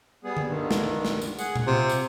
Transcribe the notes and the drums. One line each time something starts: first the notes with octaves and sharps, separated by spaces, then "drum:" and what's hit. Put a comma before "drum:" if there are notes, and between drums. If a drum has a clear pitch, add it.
G3 B3 G#4
drum: tom D3
G2 D3 D#3
drum: snare
drum: snare
drum: tambourine
G#4 F#5, drum: tambourine
drum: tom A#2
C3 F4
drum: tambourine